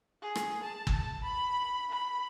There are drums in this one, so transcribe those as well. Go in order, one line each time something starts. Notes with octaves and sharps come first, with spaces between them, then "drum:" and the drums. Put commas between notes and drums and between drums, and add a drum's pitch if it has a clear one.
G#4
drum: rim click
A5
drum: kick
B5
B5